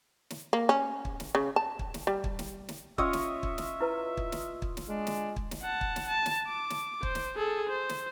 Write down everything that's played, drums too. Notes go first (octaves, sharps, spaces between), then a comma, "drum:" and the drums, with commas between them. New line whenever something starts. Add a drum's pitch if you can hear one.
drum: snare
A#3
C#4
drum: kick
drum: snare
C#3
A5
drum: kick
drum: snare
G3
drum: kick
drum: snare
drum: snare
C#4 F4 C#5 D#5 E5 E6, drum: kick
drum: snare
drum: kick
drum: snare
E4 B4 A#5
drum: kick
drum: snare
drum: kick
drum: snare
G#3 D4
drum: snare
drum: kick
drum: snare
F#5 A5
drum: kick
drum: snare
A5
drum: snare
D6
drum: snare
C5, drum: kick
drum: snare
G#4 A4
C5
drum: snare